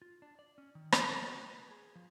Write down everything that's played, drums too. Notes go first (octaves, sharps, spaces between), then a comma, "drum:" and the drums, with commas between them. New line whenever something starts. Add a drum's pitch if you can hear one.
F4
D4
D5
C#4
D#3
A4, drum: rim click
B3
F#4
B4
G#4
F3